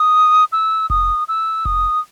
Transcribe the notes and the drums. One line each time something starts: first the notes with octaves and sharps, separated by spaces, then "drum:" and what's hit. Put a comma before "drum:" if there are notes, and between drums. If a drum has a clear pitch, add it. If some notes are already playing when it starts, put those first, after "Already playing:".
Already playing: D#6
E6
D#6, drum: kick F1
E6
D#6, drum: kick F1